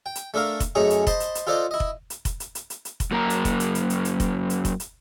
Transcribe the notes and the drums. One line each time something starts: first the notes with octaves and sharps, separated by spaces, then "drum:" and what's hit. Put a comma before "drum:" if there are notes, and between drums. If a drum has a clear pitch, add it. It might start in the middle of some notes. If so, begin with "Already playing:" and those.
G5
drum: hi-hat
A3 D4 A4 A#4 F5
drum: kick F1, hi-hat
F#2 A3 C#4 D#4 G#4 A#5
drum: hi-hat
C5 D#5 A5 B5 C6, drum: kick F1, hi-hat
drum: hi-hat
drum: hi-hat
F4 A4 C5 D5 D#5
E4 D#5
drum: kick F1
drum: hi-hat
drum: kick F1, hi-hat
drum: hi-hat
drum: hi-hat
drum: hi-hat
drum: hi-hat
drum: kick F1, hi-hat
F#2 A#3 F4 A#5
drum: hi-hat
drum: kick F1, hi-hat
drum: hi-hat
drum: hi-hat
drum: hi-hat
drum: hi-hat
drum: kick F1, hi-hat
drum: hi-hat
drum: kick F1, hi-hat
drum: hi-hat